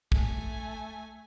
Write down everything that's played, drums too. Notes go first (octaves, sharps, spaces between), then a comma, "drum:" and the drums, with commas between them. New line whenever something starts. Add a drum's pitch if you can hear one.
A3 G#5, drum: kick